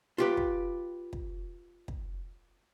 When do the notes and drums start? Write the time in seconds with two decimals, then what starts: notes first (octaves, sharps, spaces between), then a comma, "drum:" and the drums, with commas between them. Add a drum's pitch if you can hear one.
0.18 F4 G4 B4
0.37 drum: kick
1.13 drum: kick
1.88 drum: kick